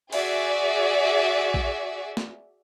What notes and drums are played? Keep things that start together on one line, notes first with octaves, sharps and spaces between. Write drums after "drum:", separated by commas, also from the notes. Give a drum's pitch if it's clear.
F#4 G#4 D5 E5, drum: cymbal
drum: kick A#1
drum: snare